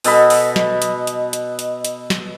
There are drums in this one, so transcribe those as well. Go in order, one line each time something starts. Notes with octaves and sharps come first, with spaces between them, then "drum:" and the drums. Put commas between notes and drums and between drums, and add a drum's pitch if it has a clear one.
B2 A4 D#5 B5, drum: open hi-hat
drum: open hi-hat
drum: snare
drum: hi-hat
drum: hi-hat
drum: hi-hat
drum: hi-hat
drum: hi-hat
drum: snare